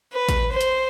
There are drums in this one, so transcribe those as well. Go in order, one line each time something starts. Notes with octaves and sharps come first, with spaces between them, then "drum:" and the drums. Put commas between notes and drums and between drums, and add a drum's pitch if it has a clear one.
B4
drum: kick A1, hi-hat
C5
drum: hi-hat